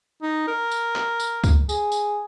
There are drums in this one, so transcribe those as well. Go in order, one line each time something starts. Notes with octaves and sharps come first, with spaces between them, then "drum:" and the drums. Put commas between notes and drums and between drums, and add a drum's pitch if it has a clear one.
D#4
A#4
drum: tambourine
drum: clap
drum: tambourine
drum: kick C#2, tambourine
G#4, drum: tambourine
drum: tambourine